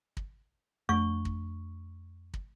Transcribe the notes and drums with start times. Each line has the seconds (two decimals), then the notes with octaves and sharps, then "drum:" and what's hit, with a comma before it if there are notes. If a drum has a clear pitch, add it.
0.17 drum: kick
0.89 F2 A3 D4 C#6
1.25 drum: kick
2.34 drum: kick